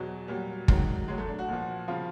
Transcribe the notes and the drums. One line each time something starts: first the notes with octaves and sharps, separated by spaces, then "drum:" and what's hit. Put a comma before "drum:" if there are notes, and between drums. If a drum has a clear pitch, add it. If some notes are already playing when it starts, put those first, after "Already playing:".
Already playing: E2 B2 F#3
A#2 F#3 G3
G#2 D#3 F#3, drum: kick
A2 F#3 G#3
A3
D4
F#4
A#2 F3
C#3 F3 F4